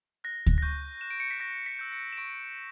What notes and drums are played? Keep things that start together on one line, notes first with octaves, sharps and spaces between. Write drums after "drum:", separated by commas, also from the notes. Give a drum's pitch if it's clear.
F#6 A#6
drum: kick D2
A#6
C#6 G6
F#6 E7
D7
C#7
B6
C#6 A#6
B6
E6 G6
C#7
E7
C#6 D7